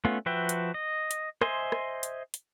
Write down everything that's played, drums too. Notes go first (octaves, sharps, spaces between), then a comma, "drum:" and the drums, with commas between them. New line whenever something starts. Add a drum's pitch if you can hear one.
A3 B3 C#4 F4
F3 F#4 B4 E5 G5
drum: hi-hat
D#5
drum: hi-hat
C5 D#5 E5 G#5 C6, drum: rim click
drum: rim click
drum: hi-hat
drum: hi-hat